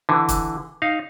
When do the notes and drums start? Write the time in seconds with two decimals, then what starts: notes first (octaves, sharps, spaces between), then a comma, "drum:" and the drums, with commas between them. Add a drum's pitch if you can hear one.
0.09 D3 E3
0.29 drum: kick, hi-hat
0.82 D#4 F5